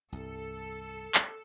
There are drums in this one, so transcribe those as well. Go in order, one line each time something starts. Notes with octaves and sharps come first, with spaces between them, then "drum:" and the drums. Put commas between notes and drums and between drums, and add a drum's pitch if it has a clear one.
C2 G2 A4
drum: clap